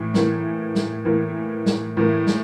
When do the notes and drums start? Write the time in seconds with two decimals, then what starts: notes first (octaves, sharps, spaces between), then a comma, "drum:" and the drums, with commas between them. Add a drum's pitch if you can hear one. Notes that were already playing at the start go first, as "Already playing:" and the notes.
Already playing: A2 E3
0.14 A2 E3 A#3, drum: snare
0.75 drum: snare
1.05 A2 E3 A#3
1.66 drum: snare
1.97 A2 E3 A#3
2.27 drum: snare